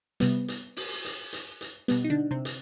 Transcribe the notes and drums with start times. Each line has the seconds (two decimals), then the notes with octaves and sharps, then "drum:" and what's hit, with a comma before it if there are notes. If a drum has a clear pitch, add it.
0.20 C3 G3 B3, drum: hi-hat
0.48 drum: hi-hat
0.76 drum: open hi-hat
1.05 drum: hi-hat
1.33 drum: hi-hat
1.61 drum: hi-hat
1.88 B2 G3 B3, drum: hi-hat
2.04 D#4
2.10 D3 D4
2.31 C3 C4
2.45 drum: hi-hat